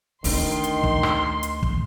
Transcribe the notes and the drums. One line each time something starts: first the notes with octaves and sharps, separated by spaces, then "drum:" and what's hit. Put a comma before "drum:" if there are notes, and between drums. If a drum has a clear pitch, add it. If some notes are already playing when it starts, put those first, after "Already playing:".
D2 D#3 D4 C6, drum: open hi-hat
drum: hi-hat
drum: kick
drum: rim click
drum: hi-hat
drum: kick